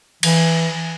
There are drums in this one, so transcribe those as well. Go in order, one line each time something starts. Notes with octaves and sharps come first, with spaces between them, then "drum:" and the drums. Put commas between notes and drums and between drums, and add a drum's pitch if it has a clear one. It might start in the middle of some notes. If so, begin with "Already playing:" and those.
E3, drum: cymbal